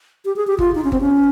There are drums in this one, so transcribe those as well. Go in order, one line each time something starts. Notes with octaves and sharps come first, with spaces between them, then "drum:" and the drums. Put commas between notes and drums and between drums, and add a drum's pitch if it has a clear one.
G4
G#4
G4
F4, drum: kick G1
D#4
C#4
C4, drum: kick G1
C#4